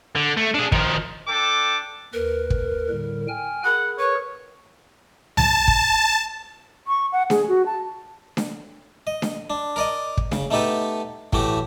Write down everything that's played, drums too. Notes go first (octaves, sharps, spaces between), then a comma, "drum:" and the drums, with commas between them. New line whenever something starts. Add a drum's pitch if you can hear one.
D3
A3
D4 G#4
D#3 F3, drum: kick
D4 A4 G5 D6
D#2 A#4 B4
drum: kick
A2 D3 G3
G5 G#5 F6
G#4 A#4 F#5 B5
B4 C#5
A5, drum: tom C2
drum: kick
C#6
F#5
G#4, drum: snare D4
F#4
A5
drum: snare D4
D#5
drum: snare D4
D4
A#4 D5 D#5
drum: kick
C#3, drum: snare D4
A3 B3 D#4 G4 A4 B4
A2 E3 A3 F#4 G4, drum: kick